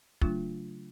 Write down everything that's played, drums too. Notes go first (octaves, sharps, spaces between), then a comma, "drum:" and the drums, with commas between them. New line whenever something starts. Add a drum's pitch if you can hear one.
C#3 F#3 A3 D4 F4, drum: kick